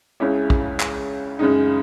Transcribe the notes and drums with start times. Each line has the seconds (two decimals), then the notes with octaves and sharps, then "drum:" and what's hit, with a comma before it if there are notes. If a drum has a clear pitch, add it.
0.20 C#2 C#3 G#3 C#4 E4
0.50 drum: kick
0.80 drum: clap
1.39 F#2 C#3 G#3 D#4